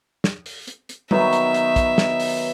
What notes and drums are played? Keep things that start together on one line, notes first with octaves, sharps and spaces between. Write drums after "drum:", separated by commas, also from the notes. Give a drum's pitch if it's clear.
drum: snare
drum: open hi-hat
drum: hi-hat
drum: hi-hat
D#3 F#3 B3 E5, drum: tom G3
drum: hi-hat
drum: hi-hat
drum: kick, hi-hat
drum: snare
drum: open hi-hat